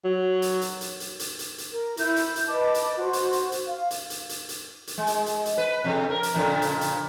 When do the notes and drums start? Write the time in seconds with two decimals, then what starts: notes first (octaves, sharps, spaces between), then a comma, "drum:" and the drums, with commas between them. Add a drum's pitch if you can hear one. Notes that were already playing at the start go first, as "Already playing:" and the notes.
0.05 F#3
0.42 drum: hi-hat
0.61 drum: hi-hat
0.81 drum: hi-hat
1.00 drum: hi-hat
1.19 drum: hi-hat
1.39 drum: hi-hat
1.58 drum: hi-hat
1.71 A#4
1.97 E4 G6, drum: hi-hat
2.16 drum: hi-hat
2.36 drum: hi-hat
2.48 B4 D#5 A5 D6
2.74 drum: hi-hat
2.97 F#4 C5
3.13 drum: hi-hat
3.32 drum: hi-hat
3.52 drum: hi-hat
3.66 F5
3.91 drum: hi-hat
4.10 drum: hi-hat
4.29 drum: hi-hat
4.49 drum: hi-hat
4.87 drum: hi-hat
4.98 G#3
5.07 drum: hi-hat
5.26 drum: hi-hat
5.46 drum: hi-hat
5.58 B4
5.84 F2 C3
6.10 A#4
6.23 drum: hi-hat
6.34 F2 A#2 C#3
6.62 drum: hi-hat
6.81 drum: hi-hat